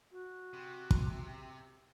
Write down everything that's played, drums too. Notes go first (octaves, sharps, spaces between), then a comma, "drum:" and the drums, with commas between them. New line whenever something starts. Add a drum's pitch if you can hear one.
F#4
C3
drum: kick